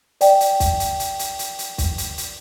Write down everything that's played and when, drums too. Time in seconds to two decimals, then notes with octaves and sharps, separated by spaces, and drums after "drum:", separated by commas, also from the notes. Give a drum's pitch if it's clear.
0.21 D5 G5, drum: hi-hat
0.40 drum: hi-hat
0.60 drum: kick, hi-hat
0.80 drum: hi-hat
1.00 drum: hi-hat
1.19 drum: hi-hat
1.39 drum: hi-hat
1.59 drum: hi-hat
1.78 drum: kick, hi-hat
1.98 drum: hi-hat
2.18 drum: hi-hat